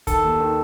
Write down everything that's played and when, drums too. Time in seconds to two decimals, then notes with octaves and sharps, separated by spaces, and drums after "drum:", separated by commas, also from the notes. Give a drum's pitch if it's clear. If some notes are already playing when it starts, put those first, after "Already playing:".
0.07 D#3 A4, drum: kick, hi-hat
0.24 D#2
0.40 D#3